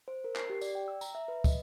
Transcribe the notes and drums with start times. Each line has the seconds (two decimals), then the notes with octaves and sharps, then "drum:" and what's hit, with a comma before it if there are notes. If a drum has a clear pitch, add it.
0.08 C5
0.24 A#4
0.36 C7, drum: clap
0.50 G4
0.61 D5, drum: tambourine
0.75 G5
0.88 E6
1.01 A#5, drum: tambourine
1.15 E5
1.28 B4
1.44 D#5, drum: kick, tambourine